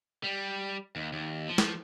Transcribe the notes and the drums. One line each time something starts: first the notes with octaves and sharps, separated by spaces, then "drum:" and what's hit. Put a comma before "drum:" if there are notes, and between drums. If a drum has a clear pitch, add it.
G3
D#2
D#2
F3
drum: snare